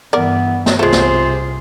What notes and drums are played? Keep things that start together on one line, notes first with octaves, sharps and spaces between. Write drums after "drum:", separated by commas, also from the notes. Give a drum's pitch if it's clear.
G2 E3 B3 A#4 D5
drum: snare
C2 C3 G#3 A3 F4 G4 G#4 C5
drum: snare